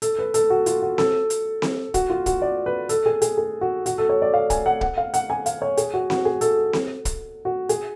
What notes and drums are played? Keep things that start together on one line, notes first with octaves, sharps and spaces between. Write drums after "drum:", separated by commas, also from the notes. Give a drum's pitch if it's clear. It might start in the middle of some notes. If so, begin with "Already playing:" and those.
A4, drum: hi-hat
B4
A4, drum: hi-hat
F#4
F4, drum: hi-hat
F#4
A4, drum: snare C4
drum: hi-hat
drum: snare C4
F#4, drum: kick, hi-hat
F4
F#4, drum: kick, hi-hat
D5
B4
A4, drum: hi-hat
G#4
G#4, drum: hi-hat
G#4
F#4
F#4, drum: hi-hat
A4
C#5
D5
F5
G#5, drum: kick, hi-hat
F#5
F#5, drum: kick
F5
F#5, drum: hi-hat
G#5
F5, drum: hi-hat
C#5
G#4, drum: hi-hat
F#4
F#4, drum: snare C4
G#4
A4, drum: hi-hat
drum: snare C4
drum: kick, hi-hat
F#4
G#4, drum: hi-hat